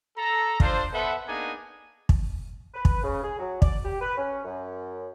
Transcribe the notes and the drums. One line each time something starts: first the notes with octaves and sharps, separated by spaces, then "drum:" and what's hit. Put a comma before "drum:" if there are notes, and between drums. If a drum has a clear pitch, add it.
A4 A#5
D4 F4 A4 C5, drum: kick
B3 A4 B4 C5 E5 F#5
A#3 B3 D4 D#4 G#4 G#5
drum: kick
B4
drum: kick
C#3
G#4
F#3
D5, drum: kick
G4
B4
C#4
F#2